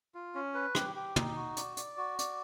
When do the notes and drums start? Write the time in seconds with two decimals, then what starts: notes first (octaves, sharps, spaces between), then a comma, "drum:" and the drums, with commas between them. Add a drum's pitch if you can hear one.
0.15 F4
0.35 C#4
0.54 B4
0.75 G4, drum: rim click
0.96 G4
1.16 D#4, drum: tom
1.36 F#4
1.57 D5, drum: hi-hat
1.77 D5, drum: hi-hat
1.97 F#4
2.19 D5, drum: hi-hat